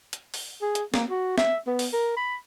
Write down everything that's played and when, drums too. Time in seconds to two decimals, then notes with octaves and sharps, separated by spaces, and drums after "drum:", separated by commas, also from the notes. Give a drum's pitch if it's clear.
0.13 drum: hi-hat
0.34 drum: open hi-hat
0.62 G#4
0.75 drum: hi-hat
0.94 A#3, drum: snare
1.09 F#4
1.38 E5, drum: snare
1.67 B3
1.79 drum: open hi-hat
1.93 A#4
2.17 B5